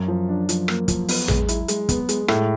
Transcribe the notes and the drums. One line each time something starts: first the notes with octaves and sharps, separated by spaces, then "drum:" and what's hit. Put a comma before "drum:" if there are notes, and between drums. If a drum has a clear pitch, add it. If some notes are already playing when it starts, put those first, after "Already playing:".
Already playing: F#2
F3
D4
F3, drum: hi-hat
A#3, drum: rim click
F3, drum: kick, hi-hat
B3, drum: open hi-hat
G#3, drum: tom A1
E4, drum: hi-hat
G#3, drum: hi-hat
B3, drum: kick, hi-hat
G#3, drum: hi-hat
A2 G#3, drum: rim click